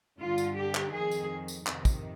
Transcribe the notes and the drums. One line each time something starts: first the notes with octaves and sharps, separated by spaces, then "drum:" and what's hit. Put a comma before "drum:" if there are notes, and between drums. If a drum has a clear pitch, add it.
G2 D3 F4
drum: tambourine
G4
drum: clap
F2 D#3 G#4
drum: tambourine
drum: tambourine
F2 C3 D#3, drum: clap
drum: kick, tambourine